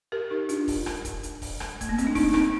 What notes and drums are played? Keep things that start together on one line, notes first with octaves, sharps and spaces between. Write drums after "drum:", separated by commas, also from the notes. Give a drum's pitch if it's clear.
G4 A#4
D#4 G4
D4 F4, drum: hi-hat
drum: kick D#1, open hi-hat
drum: rim click
drum: kick D#1, hi-hat
drum: hi-hat
drum: kick D#1, open hi-hat
drum: rim click
A3, drum: kick D#1, hi-hat
A#3
C4, drum: hi-hat
D4
C4 D#4, drum: kick D#1, open hi-hat
C4 D#4, drum: rim click